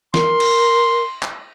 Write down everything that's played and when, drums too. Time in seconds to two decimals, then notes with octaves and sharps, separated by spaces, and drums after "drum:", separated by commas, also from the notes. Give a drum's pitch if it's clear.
0.14 A#4 C6, drum: snare
0.40 drum: cymbal
1.23 drum: clap